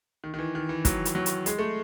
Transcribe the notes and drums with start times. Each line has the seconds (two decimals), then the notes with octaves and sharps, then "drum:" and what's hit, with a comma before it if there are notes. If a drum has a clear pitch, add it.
0.24 D#3
0.34 D#3
0.39 E3
0.55 D#3
0.69 E3
0.85 F#3, drum: kick, hi-hat
1.05 drum: hi-hat
1.15 F#3
1.26 drum: hi-hat
1.46 G#3, drum: hi-hat
1.59 A3